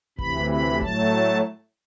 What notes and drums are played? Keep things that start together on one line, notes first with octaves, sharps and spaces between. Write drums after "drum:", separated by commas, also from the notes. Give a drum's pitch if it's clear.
D2 C3 E3 B5, drum: kick F#1
B5
A2 F#3 A3 A5, drum: kick F#1